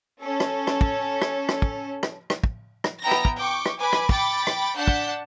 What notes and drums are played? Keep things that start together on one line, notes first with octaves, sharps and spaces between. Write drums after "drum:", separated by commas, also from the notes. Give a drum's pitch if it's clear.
C#4 A4
drum: rim click
drum: rim click
drum: kick
drum: rim click
drum: rim click
drum: kick
drum: rim click
drum: rim click
drum: kick
drum: rim click
B3 E4 G5 A#5 A#6
drum: rim click
drum: kick
G5 C#6 D6
drum: rim click
B4 G#5 B5 D6
drum: rim click
G5 B5 D6 A6 C#7, drum: kick
drum: rim click
D4 F#5 A5 G6 B6
drum: kick